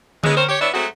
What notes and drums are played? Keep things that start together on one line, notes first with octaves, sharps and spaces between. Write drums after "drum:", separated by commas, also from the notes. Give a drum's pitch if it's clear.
C#3 E3 G#3, drum: tom D3
C4 C#4 A#4 C5
G4 C#5
B3 D4 E4 C#5 E5
F#3 G#3 A3 C4 F#4